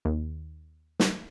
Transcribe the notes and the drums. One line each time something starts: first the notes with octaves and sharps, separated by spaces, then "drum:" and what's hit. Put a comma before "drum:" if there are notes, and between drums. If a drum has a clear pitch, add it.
D#2
drum: snare